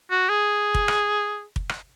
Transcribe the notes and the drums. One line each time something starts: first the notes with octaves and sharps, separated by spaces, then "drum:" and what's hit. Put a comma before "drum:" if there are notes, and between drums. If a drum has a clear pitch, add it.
F#4
G#4
drum: kick
drum: rim click
drum: kick
drum: rim click